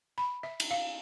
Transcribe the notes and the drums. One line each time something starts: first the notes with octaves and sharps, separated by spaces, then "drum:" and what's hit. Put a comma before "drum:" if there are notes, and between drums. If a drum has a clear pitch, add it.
B5
E5
drum: cymbal
F5